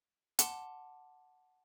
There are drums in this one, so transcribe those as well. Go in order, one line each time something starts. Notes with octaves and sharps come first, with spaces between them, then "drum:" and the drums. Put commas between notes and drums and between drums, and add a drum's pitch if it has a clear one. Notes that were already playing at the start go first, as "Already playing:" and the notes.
F#5 A5 C6 D6, drum: hi-hat